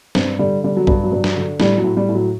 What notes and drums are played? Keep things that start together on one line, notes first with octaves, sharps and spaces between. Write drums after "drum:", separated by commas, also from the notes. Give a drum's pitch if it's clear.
G2 C4, drum: snare
D3 G3
D3 G3
F#3
G2, drum: kick A#1
F#3
G2
drum: snare
D3
A2 G3, drum: snare
F#3
A2
G3
A2
F#3